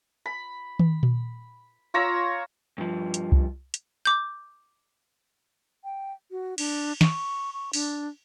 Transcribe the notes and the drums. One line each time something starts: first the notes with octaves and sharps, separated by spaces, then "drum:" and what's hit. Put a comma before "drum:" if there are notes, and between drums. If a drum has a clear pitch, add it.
B5
drum: tom D#3
drum: tom A#2
F4 C#5 A#5 E6
G2 F3
drum: hi-hat
drum: kick C2
drum: hi-hat
D6 G6
G5
F#4
D4, drum: cymbal
C#6, drum: snare
C#6
D4, drum: open hi-hat